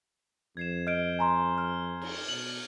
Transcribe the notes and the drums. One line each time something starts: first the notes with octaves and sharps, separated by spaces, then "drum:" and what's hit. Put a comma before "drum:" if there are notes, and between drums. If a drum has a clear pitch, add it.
F2 G#6 C7 E7
D#5 F6 G6 D7
G#5 A#5 C6
F6
drum: cymbal
B2 F#7